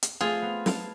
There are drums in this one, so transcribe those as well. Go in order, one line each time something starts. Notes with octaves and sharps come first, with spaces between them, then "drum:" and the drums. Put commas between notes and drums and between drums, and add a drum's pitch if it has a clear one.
drum: hi-hat
A3 C4 F4 G#4
B3
F5 A5 G#6, drum: snare